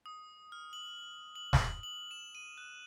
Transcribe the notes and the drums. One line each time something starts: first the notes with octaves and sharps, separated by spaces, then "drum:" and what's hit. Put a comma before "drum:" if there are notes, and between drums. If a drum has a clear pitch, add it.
D#6
F6
F#7
F#7
drum: snare
F#7
E7
D#7
F#6